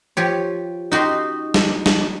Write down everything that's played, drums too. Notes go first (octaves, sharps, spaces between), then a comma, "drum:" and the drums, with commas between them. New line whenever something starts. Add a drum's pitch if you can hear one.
F3 G4 C#5
D#4 F#4 G4 C6
drum: snare
drum: snare